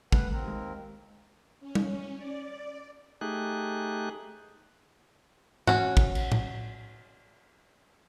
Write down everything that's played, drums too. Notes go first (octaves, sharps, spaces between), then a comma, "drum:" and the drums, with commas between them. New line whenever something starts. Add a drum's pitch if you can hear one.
D#3 G3 A3 B4 F#5, drum: kick
D#2 C4 A#4
G#3
C#4
drum: tom G3
D5
A3 D#4 G4 G#4 F#6
C#4 F#4, drum: tom G#2
drum: kick
drum: cymbal
drum: tom A2